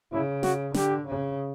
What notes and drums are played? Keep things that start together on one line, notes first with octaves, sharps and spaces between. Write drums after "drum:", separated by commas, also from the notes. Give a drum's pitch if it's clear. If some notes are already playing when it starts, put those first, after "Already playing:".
C#3 E4
F#4, drum: snare
D3 G4, drum: snare
C#3